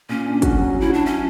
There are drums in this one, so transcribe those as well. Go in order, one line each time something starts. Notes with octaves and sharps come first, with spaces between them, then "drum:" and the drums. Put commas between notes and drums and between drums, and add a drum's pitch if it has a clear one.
A#2 C#4
D4
F#4, drum: kick, hi-hat
F#3
F#3
E4
D4 F#4
C#4 E4